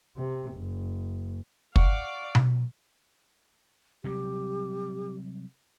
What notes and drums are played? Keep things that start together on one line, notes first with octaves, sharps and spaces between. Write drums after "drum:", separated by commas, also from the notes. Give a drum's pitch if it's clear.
C3
F#1
D5 F5 F#5 C#6 D6, drum: kick
drum: tom B2
C3 F#3 G3 G4